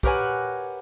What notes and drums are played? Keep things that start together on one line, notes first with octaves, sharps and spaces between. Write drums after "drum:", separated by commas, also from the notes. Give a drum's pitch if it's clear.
G4 A#4 B4 C#5 F#5 G#5, drum: kick